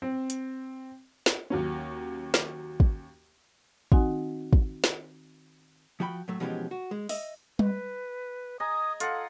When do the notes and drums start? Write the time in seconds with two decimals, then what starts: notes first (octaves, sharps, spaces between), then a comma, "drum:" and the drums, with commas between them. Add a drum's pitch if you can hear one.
0.02 C4
0.30 drum: hi-hat
1.26 drum: snare
1.50 D#2 F#3 C#4
2.34 drum: snare
2.80 drum: kick
3.92 D#3 C4 D#4 F#4 F#5 G#5, drum: kick
4.53 drum: kick
4.84 drum: snare
6.00 F3 F#4 G5 B5
6.28 A2 F#3 A3
6.40 B2 E3 F3 G#3 C#4 G4
6.71 F#4
6.91 G#3
7.09 D#5 E5, drum: open hi-hat
7.59 B4, drum: tom G3
8.60 D#5 G#5 A#5 D#6
9.00 F4 A4 F#5, drum: hi-hat